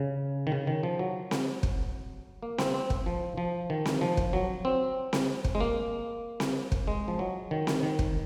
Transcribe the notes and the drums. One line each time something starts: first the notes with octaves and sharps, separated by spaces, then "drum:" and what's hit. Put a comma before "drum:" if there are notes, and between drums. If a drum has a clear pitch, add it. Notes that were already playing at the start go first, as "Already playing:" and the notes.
Already playing: C#3
D#3
C#3
D#3
F3
F#3
drum: snare C4
drum: kick
A#3
C4, drum: snare C4
C4
drum: kick
F3
F3
D#3
drum: snare C4
F3
drum: kick
F#3
C4
drum: snare C4
drum: kick
G#3
A#3
drum: snare C4
drum: kick
G#3
F3
F#3
D#3
drum: snare C4
D#3
drum: kick